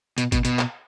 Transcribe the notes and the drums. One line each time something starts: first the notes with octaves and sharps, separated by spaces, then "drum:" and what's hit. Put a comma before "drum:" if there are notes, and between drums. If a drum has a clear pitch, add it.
B2, drum: hi-hat
B2, drum: kick G#1, hi-hat
B2, drum: hi-hat
drum: clap